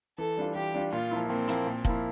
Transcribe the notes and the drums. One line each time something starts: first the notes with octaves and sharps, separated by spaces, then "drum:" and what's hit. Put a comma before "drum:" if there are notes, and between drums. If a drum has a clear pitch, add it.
E3 A4
G3 D4 F4
E3 G4
G3 D4 F4
A#2 F4
F3 A#3 E4
A#2 C4
F3 A#3 E4, drum: hi-hat
A#2
F3 A#3 E4, drum: kick